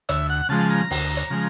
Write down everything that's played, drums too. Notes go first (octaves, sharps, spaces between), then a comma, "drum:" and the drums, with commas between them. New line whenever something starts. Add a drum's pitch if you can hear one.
D2 E5, drum: hi-hat
F#5
C#3 F3 G#3 A5
A#5
D2, drum: open hi-hat
drum: hi-hat
C#3 F3 G#3